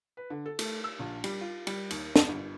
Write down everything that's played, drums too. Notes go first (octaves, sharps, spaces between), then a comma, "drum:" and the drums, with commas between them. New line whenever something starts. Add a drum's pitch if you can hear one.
B4
D3
A4
A3, drum: cymbal
E6
A#1
G3, drum: cymbal
F4
G3, drum: cymbal
D#2, drum: cymbal
A5, drum: snare
G1